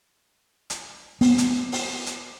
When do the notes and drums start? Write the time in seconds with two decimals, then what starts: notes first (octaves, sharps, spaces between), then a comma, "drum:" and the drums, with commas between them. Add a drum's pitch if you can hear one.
0.70 drum: hi-hat
1.21 B3, drum: open hi-hat
1.38 drum: hi-hat
1.72 drum: open hi-hat
2.06 drum: hi-hat